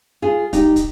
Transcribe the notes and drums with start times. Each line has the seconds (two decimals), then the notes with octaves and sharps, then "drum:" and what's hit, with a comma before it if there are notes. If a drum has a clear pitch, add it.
0.22 F4 G#4
0.53 D#4 G4, drum: kick, hi-hat
0.76 drum: kick, hi-hat